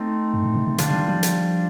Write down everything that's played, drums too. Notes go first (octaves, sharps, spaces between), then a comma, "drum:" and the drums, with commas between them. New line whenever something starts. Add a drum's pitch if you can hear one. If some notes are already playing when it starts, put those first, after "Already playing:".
Already playing: A3 C4 D#4
G2
A2
C3
C3
D3 G3 D4 F4, drum: hi-hat
D#3
F3
drum: hi-hat